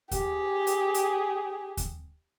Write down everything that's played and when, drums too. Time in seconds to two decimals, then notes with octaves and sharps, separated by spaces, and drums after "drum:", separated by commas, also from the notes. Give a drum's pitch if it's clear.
0.11 G4 G#4, drum: kick D#2, hi-hat
0.67 drum: hi-hat
0.94 drum: hi-hat
1.77 drum: kick D#2, hi-hat